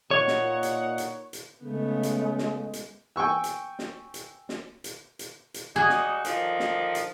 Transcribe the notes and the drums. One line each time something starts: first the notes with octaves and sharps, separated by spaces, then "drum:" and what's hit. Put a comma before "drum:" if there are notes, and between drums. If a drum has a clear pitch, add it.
A#2 D#4 C#5 F#5
drum: snare
drum: hi-hat
drum: hi-hat
drum: hi-hat
C#3 G#3 A3 B3
drum: hi-hat
drum: snare
drum: hi-hat
G5 G#5 C#6 E6
drum: hi-hat
drum: snare
drum: hi-hat
drum: snare
drum: hi-hat
drum: hi-hat
drum: hi-hat
G3 D#4 F#4 G#4
drum: snare
D3 D#3 F3, drum: hi-hat
drum: snare
drum: hi-hat